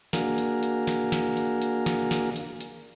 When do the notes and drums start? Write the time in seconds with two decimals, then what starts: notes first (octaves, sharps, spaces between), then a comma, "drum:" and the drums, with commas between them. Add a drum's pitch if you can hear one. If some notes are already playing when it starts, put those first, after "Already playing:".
0.13 A#3 D4 F#4 G#4 A#4 F5, drum: snare
0.38 drum: hi-hat
0.63 drum: hi-hat
0.87 drum: snare
1.12 drum: snare
1.37 drum: hi-hat
1.62 drum: hi-hat
1.86 drum: snare
2.11 drum: snare
2.36 drum: hi-hat
2.61 drum: hi-hat